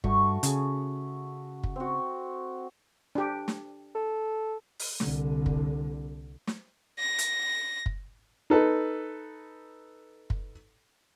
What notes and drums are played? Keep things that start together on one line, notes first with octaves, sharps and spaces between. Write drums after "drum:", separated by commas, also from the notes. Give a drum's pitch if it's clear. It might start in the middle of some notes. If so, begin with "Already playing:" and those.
G2 A3 F#4 C#6, drum: kick
C#3 G#4, drum: hi-hat
drum: kick
C4 F#4
D4 G4
drum: snare
A4
drum: open hi-hat
C2 D3, drum: snare
drum: kick
drum: snare
A#6
drum: hi-hat
drum: kick
D#4 A4 B4
drum: kick